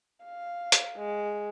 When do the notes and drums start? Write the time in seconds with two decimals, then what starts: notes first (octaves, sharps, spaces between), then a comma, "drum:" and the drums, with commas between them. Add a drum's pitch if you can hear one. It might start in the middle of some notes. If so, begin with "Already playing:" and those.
0.24 F5
0.72 drum: hi-hat
0.97 G#3